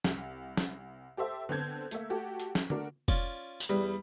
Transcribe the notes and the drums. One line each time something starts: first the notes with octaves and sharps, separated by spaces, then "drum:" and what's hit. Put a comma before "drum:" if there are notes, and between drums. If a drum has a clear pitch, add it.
C2, drum: snare
drum: snare
G4 A4 C5 E5
D3 B3 C4 A5 G6 G#6
A3 A#3 E5, drum: hi-hat
A3 F#4 G4 A4
drum: hi-hat
drum: snare
A3 D4 F#4 A#4, drum: tom D3
C#4 F4 D5, drum: kick F1
drum: tambourine
E2 G3